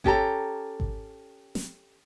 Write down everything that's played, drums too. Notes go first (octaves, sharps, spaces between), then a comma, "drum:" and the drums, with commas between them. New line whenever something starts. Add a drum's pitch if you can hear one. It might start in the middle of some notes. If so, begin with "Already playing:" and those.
C#4 G4 A4 A#5, drum: kick G#1
drum: kick G#1
drum: snare